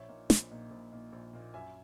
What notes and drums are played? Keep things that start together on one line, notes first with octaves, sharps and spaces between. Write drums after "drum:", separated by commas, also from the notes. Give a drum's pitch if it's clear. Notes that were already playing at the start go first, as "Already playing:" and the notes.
Already playing: A#1 C#5 E5
A#2 A#3 D#4
A#1, drum: snare
A#2 A#3 D#4
A#1
A#2 A#3 D#4
A#1
A#2 A#3 D#4
F#2 E5 G#5